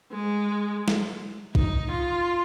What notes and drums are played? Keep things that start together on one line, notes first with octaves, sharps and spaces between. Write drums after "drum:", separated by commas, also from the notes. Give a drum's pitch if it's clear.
G#3
drum: snare
D#4, drum: kick A#1
F4